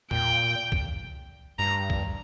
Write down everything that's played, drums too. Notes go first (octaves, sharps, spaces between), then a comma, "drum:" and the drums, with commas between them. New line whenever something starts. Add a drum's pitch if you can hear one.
A#2 G5, drum: tom E2
drum: kick
G2 A#5
drum: kick